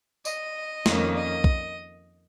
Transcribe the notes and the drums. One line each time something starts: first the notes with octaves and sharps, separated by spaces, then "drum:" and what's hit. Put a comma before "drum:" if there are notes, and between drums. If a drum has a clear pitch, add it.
D#5, drum: tambourine
F2 D#3 A#3 C#4, drum: snare
D#5
drum: kick